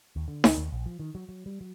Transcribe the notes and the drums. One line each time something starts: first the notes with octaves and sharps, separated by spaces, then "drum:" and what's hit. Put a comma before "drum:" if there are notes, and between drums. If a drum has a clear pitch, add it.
D#2
D3
C#2, drum: snare D#4
D#2
A#1
F3
D#3
F#3
F#3
G3
F#3